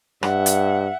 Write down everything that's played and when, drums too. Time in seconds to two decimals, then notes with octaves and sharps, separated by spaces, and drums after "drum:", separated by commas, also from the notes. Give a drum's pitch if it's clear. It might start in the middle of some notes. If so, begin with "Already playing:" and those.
0.23 G2 E5 F#5, drum: rim click
0.46 drum: hi-hat